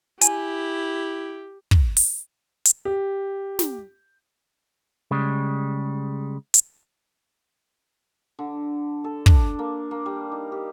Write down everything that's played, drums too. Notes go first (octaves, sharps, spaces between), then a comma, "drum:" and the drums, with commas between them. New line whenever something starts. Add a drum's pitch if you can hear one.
E4 G4 G#5, drum: hi-hat
drum: kick
drum: open hi-hat
drum: hi-hat
G4
drum: snare
C#3 G3 G#3
drum: hi-hat
D3
A4
D4, drum: kick
A#3
A#3
G3
D#4
G4